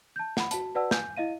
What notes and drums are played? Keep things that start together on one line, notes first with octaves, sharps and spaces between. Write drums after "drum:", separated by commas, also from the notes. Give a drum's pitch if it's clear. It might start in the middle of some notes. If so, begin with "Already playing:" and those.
A5 G6
F#5 B5, drum: snare
F#4 A5, drum: hi-hat
F#4 B4 D5 F#5 A5 E6
G#5 G6, drum: snare
E4 D#5 F5 D#7